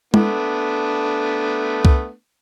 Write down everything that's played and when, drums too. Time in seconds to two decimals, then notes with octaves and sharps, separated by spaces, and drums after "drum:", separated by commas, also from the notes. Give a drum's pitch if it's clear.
0.14 A3 B3 D4, drum: tom G#3
1.85 drum: kick C2